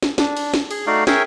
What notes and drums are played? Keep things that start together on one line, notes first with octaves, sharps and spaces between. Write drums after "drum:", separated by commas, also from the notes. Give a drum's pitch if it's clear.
drum: snare
D4, drum: snare
drum: cymbal
drum: snare
G#4, drum: cymbal
A3 D#4 F#4 D5 F5
G#4 A#4 C#5 E5 G5 G#5, drum: snare